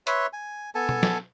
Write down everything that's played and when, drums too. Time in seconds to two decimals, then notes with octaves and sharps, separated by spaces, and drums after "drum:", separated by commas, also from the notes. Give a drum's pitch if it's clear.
0.07 B4 C#5 E5 C6, drum: hi-hat
0.33 G#5
0.75 B3 A4 G#5 A5
0.89 drum: tom B2
1.03 drum: snare